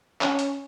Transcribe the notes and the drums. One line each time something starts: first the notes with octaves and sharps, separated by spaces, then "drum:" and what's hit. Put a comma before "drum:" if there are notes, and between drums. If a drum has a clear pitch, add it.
C#4, drum: clap
drum: hi-hat